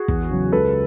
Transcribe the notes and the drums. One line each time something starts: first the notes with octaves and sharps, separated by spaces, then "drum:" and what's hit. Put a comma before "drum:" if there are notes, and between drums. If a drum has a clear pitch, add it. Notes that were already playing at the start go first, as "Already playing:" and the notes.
Already playing: F#4 G#4
E2, drum: kick
C#3 F#3
C#2 A4 B4